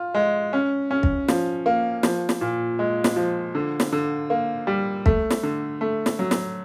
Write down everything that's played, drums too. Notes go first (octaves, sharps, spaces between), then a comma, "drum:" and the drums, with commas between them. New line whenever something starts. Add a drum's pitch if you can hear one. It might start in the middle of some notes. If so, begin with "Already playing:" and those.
Already playing: F4
G#3
C#4
C#4
drum: kick
F3, drum: snare
A#3
F3, drum: snare
drum: snare
A#2
G#3
drum: snare
F3
D3
drum: snare
D3
A#3
G3
A3, drum: kick
drum: snare
D3
A3
drum: snare
F#3
drum: snare